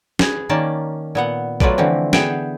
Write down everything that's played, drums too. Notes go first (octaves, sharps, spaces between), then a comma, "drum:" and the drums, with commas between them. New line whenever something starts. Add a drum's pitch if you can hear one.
G#4 B4, drum: snare
D#3 A#3 C#4 D5 A5
A#2 B3 F#5
F#3 A3 F4 B4 D5, drum: kick A#1
D3 E3 F3 C4
B3 G#4 E5 F#5 G5, drum: snare